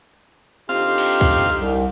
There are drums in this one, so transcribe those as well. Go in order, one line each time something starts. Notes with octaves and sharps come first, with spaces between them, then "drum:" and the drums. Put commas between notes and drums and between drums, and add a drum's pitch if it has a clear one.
D3 C4 D#4 F4 G4 F5
drum: cymbal
drum: kick
C2